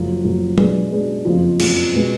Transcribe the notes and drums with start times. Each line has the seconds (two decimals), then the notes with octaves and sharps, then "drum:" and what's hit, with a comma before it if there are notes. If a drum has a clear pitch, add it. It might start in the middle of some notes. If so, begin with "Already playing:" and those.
Already playing: F#1 F#2 F3
0.25 F#1 F#2 F3
0.58 B2 G#3 D4 G#4 B4, drum: tom F#3
0.92 B2 G#3 D4 G#4 B4
1.25 F#1 F2 F3
1.60 F#1 F2 F3, drum: cymbal
1.93 B2 G#3 B3